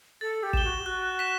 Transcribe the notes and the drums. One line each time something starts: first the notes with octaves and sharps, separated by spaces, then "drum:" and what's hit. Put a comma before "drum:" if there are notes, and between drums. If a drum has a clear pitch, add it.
A4 A6
G4
E7 G7, drum: kick
F#4
G4
F#4 F#6
B6 E7